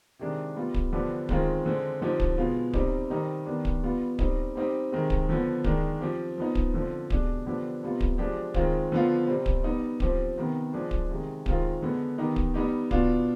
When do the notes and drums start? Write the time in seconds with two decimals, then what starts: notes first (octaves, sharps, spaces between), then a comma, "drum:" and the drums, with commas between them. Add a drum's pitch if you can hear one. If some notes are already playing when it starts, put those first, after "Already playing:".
0.19 C3 D#3 G#3 D4
0.56 G3 B3 F4
0.74 drum: kick D1
0.92 D3 F3 B3 D4 G4
1.29 D#3 G#3 C4 F4, drum: kick D1
1.65 D3 G#3 C4
2.02 D3 F3 C4 D#4 G4
2.20 drum: kick D1
2.38 B2 G#3 B3 F4
2.73 C3 G3 C4 D#4 G4, drum: kick D1
3.10 D#3 G3 C4 D#4 G4
3.46 D#3 G3 B3 D4
3.65 drum: kick D1
3.83 G3 B3 F4
4.19 G3 C4 D#4, drum: kick D1
4.55 G3 C4 D#4 G4
4.92 C3 D#3 G#3 C4
5.10 drum: kick D1
5.29 D3 F3 B3
5.64 D#3 G#3 D4, drum: kick D1
6.01 F3 C4 G4
6.38 F3 B3 D#4
6.55 drum: kick D1
6.74 D3 F3 C4
7.10 B2 G#3 D4 G4, drum: kick D1
7.46 D3 F3 B3 D4 G4
7.83 C3 G3 B3 F4
8.01 drum: kick D1
8.18 F3 G#3 D4 G4
8.54 D#3 G#3 C4 F4, drum: kick D1
8.92 D3 F3 B3 F4
9.27 C3 G3 C4
9.46 drum: kick D1
9.64 G3 B3 D#4
10.00 F3 C4 G4, drum: kick D1
10.37 C3 D#3 B3
10.73 F3 G#3 D4
10.91 drum: kick D1
11.10 C3 D#3 G#3
11.46 C3 D#3 G#3 C4 F4, drum: kick D1
11.82 D3 G#3 B3
12.18 D#3 B3 D#4 G4
12.36 drum: kick D1
12.54 G3 B3 D#4 G4
12.91 B2 B3 D4 F4, drum: kick D1